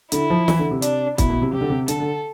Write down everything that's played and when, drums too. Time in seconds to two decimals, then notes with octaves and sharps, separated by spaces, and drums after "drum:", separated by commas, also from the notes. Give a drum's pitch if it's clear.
0.12 D3 E4, drum: hi-hat
0.30 F3
0.48 E3, drum: snare
0.59 D3
0.71 C3
0.82 D4, drum: hi-hat
1.18 B2 E4, drum: kick, hi-hat
1.30 B2
1.42 C3
1.53 C3 G4
1.61 D3
1.70 C3
1.88 D3 A4, drum: hi-hat
2.00 D3